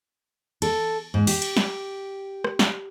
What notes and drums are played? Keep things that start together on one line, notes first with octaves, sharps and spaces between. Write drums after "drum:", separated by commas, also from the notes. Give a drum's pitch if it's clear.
A4, drum: cymbal
G#2
G4, drum: open hi-hat
drum: cymbal
drum: snare
drum: rim click
drum: snare